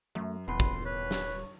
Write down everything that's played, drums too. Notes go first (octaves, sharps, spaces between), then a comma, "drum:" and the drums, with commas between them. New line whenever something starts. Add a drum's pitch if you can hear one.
F#2 A3
D#1 E2 B4 C6
drum: kick
B4 C#5
drum: snare